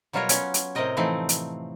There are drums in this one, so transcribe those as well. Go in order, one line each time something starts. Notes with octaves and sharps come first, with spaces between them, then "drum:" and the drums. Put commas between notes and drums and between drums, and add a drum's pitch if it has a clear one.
B2 F#3 G3 F4 A#4 C#5
B3 C#4, drum: hi-hat
drum: hi-hat
A2 C3 C4 A#4 D#5 G5
E3 F3 A3 C4 D#4
drum: hi-hat